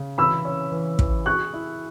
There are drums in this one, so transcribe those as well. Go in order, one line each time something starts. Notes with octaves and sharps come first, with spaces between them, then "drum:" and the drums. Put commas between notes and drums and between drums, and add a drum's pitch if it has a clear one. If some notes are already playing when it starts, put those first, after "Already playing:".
Already playing: C#3
E3 B5 E6
C#4
E3
E3, drum: kick
G#4 C#6 F#6
E4